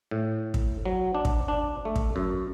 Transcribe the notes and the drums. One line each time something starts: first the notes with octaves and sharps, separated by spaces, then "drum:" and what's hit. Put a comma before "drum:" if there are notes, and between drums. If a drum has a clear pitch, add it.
A2
drum: kick
F#3
D4
drum: kick
D4
A3
drum: kick
F#2